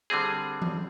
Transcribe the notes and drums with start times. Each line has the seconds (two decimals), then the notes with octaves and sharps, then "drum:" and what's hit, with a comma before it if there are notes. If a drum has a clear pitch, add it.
0.10 D3 G3 C4 G#4
0.62 drum: tom E3